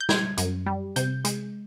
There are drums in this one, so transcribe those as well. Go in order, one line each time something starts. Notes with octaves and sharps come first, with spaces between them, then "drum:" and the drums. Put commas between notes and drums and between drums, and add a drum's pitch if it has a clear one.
G6
G3 G#6, drum: snare
F#2, drum: hi-hat
G3
C3 G6, drum: hi-hat
G#3, drum: hi-hat